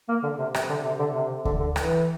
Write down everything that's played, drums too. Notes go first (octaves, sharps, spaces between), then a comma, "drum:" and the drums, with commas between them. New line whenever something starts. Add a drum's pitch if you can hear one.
A#3
D3
C3
C3, drum: rim click
D3
C3
D3
C3
D3, drum: kick D2
D3
E3, drum: rim click